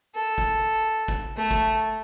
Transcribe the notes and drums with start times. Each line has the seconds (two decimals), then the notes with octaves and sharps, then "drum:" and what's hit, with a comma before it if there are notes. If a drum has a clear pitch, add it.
0.15 A4
0.38 drum: kick
1.08 drum: kick
1.37 A3
1.51 drum: kick